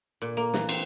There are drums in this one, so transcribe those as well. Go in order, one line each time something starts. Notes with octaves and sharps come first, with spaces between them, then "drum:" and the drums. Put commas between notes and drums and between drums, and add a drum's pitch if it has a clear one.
A#2
A#3
E3, drum: snare
C4, drum: cymbal